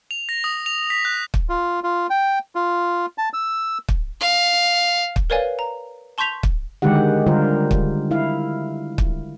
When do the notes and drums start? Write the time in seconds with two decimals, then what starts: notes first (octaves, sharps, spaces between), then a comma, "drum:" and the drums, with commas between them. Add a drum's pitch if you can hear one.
0.11 F7
0.29 A#6
0.44 D#6
0.66 F7
0.90 B6
1.05 F#6
1.34 drum: kick
1.49 F4
1.84 F4
2.10 G5
2.55 F4
3.18 A5
3.33 E6
3.88 drum: kick
4.20 F5
5.16 drum: kick
5.30 A#4 B4 C#5 D5 F5 G#5
5.59 A#5
6.18 A5 C6 C#6 G6 B6 F7
6.43 drum: kick
6.82 D3 D#3 G#3 D#4 G4 F#5
7.27 D3 G3 F4 A#4 C5
7.71 drum: kick
8.11 E4 F5
8.98 drum: kick